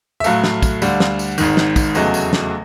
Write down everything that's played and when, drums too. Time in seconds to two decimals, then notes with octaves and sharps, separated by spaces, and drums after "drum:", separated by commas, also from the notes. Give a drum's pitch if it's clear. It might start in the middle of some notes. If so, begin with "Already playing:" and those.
0.20 E5
0.24 A2 F#3 A3 F5, drum: tambourine
0.44 drum: snare
0.63 drum: kick, tambourine
0.82 D2 D3 G3, drum: tambourine
1.00 drum: snare
1.19 drum: tambourine
1.38 G#1 G#2 D#3, drum: tambourine
1.57 drum: snare
1.76 drum: kick, tambourine
1.95 F1 E2 C#3 F#3 A3 D#5, drum: tambourine
2.14 drum: tambourine
2.33 drum: snare